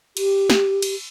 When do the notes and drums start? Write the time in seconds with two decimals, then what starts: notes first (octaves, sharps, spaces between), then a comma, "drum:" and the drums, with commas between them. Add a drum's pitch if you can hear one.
0.17 G4, drum: cymbal
0.50 drum: snare
0.82 drum: cymbal